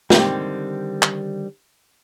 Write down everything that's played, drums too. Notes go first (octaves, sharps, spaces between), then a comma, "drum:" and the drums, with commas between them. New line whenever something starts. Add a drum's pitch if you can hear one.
D3 D#3 G3 C4 G4, drum: snare
drum: clap